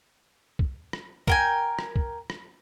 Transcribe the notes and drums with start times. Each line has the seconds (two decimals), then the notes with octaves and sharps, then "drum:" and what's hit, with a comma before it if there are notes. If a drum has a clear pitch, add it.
0.59 drum: kick
0.93 drum: rim click
1.27 A#4 G5 G#5, drum: kick
1.79 drum: rim click
1.96 drum: kick
2.30 drum: rim click